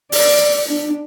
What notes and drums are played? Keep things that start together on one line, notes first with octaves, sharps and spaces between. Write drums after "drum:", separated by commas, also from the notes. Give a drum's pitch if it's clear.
D5, drum: open hi-hat
D4